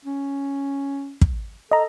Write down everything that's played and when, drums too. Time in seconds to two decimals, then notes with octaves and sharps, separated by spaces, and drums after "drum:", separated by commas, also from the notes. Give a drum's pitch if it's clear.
0.05 C#4
1.21 drum: kick
1.72 A4 D#5 A#5